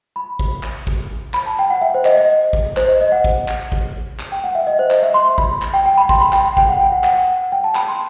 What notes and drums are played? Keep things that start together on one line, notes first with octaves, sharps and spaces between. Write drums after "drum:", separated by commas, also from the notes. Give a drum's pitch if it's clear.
B5
drum: kick
drum: clap
drum: kick
B5, drum: clap
A5
G5
F#5
E5
C5
D#5, drum: clap
D#5
drum: kick
C5, drum: clap
D#5
D#5
F#5
drum: kick
drum: clap
drum: kick
drum: clap
G5
F#5
E5
D#5
C5
D#5, drum: clap
E5
C6
B5, drum: kick
drum: clap
G5
G5
B5
C6, drum: kick
B5
G5, drum: clap
G5, drum: kick
F#5
G5
F#5
F#5, drum: clap
G5
A5
B5, drum: clap
C6